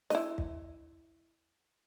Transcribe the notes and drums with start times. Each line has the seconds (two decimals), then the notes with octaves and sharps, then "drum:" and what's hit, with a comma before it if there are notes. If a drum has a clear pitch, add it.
0.10 E4 D#5, drum: snare
0.38 drum: kick